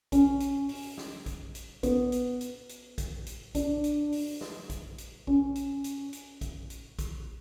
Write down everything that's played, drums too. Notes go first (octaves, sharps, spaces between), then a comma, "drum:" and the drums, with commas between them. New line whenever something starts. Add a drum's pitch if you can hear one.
C#4, drum: kick A#1, hi-hat
drum: hi-hat
drum: open hi-hat
drum: snare
drum: kick A#1, hi-hat
drum: hi-hat
B3, drum: kick A#1, hi-hat
drum: hi-hat
drum: hi-hat
drum: hi-hat
drum: kick A#1, hi-hat
drum: hi-hat
D4, drum: kick A#1, hi-hat
drum: hi-hat
drum: open hi-hat
drum: snare
drum: kick A#1, hi-hat
drum: hi-hat
C#4, drum: kick A#1
drum: hi-hat
drum: hi-hat
drum: hi-hat
drum: kick A#1, hi-hat
drum: hi-hat
drum: kick A#1, hi-hat